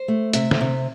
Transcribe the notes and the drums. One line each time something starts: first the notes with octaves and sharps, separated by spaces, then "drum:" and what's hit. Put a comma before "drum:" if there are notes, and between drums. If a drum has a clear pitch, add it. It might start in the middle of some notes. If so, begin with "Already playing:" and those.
Already playing: C5
A3
C3 E5, drum: hi-hat
drum: snare
C3